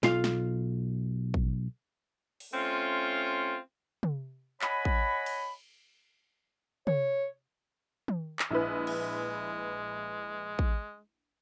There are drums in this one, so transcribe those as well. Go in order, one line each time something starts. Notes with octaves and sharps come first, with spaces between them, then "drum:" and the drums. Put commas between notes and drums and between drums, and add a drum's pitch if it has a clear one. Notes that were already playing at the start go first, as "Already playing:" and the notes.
B1 F4 F5, drum: snare
drum: snare
drum: kick A1
drum: open hi-hat
A3 C4 C#4 F4
drum: tom
C#5 D#5 F#5 G#5 B5, drum: clap
drum: kick A1
drum: cymbal
C#5, drum: tom
drum: tom
drum: clap
A#1 G#3 E4 B4
drum: cymbal
drum: kick A1